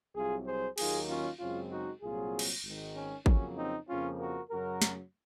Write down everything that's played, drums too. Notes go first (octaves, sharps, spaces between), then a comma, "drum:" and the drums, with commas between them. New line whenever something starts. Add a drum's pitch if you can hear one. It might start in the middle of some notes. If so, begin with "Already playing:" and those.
C2 C3 F#3 F4 G#4
G#4 C5
D#2 D#3 F#3 A#3 F4 G#4, drum: cymbal
C#4 F4
F#2 C#3 G#3 C4 C#4 F4
D#4 F#4
C2 A#2 F#3 C4 F4 G#4
drum: cymbal
G#1 G#2 D#3
C#4
F2 C#3 F#3 A#3 C#4, drum: kick G#1
C4 D#4
F2 C#3 F3 A#3 C#4 F4
F#4 A#4
F#2 C#3 F#3 F#4 A#4
drum: snare